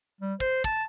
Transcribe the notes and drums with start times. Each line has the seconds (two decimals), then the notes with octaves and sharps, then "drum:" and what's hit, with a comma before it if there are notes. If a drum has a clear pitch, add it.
0.21 G3
0.40 C5, drum: kick
0.64 A5, drum: kick